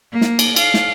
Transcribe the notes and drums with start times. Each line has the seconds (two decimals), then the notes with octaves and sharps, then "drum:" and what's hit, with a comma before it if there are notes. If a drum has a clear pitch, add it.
0.12 A#3
0.21 drum: snare
0.39 drum: cymbal
0.56 F5, drum: cymbal
0.74 drum: snare